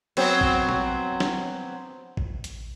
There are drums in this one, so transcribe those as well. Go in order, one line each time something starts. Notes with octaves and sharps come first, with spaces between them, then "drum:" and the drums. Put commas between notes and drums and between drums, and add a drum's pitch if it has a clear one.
F#3 B3 C4, drum: cymbal
drum: kick A1
drum: tom
drum: snare
drum: kick A1
drum: hi-hat